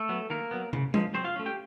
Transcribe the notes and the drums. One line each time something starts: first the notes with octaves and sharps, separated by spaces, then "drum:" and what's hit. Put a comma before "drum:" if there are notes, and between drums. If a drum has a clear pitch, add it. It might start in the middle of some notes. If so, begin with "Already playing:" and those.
Already playing: A3 A4
F#3 B3
D#3 A#3 A#4
F#3 B3
C#3, drum: tom
F3 G#3, drum: tom G#3
F#3 C4 C5
F4 F5
A3 C#4
G4 G5